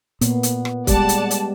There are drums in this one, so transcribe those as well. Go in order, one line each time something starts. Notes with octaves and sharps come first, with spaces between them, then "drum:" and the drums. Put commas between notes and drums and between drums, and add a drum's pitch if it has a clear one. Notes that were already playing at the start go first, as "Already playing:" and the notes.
A#2 A#3 B3, drum: hi-hat
drum: hi-hat
drum: rim click
G3 G#3 G4 D5 F#5 A5, drum: kick, hi-hat
drum: hi-hat
drum: hi-hat